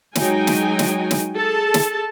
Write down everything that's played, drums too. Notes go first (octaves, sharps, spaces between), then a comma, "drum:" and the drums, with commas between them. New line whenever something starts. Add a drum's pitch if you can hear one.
F#3 G#3 D#4 G5 G#5, drum: snare
drum: snare
drum: snare
drum: snare
G#4 A4 A5
drum: snare